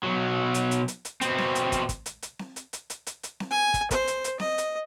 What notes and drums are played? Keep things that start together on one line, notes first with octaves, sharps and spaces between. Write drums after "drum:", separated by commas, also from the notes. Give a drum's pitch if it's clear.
B1 F#3
drum: hi-hat
drum: hi-hat
drum: hi-hat
drum: hi-hat
B2 C4, drum: hi-hat
drum: snare C4
drum: hi-hat
drum: kick, hi-hat
drum: kick, hi-hat
drum: hi-hat
drum: hi-hat
drum: snare C4
drum: hi-hat
drum: hi-hat
drum: hi-hat
drum: hi-hat
drum: hi-hat
drum: snare C4
G#5
drum: kick, hi-hat
C5, drum: kick, hi-hat
drum: hi-hat
drum: hi-hat
D#5, drum: snare C4
drum: hi-hat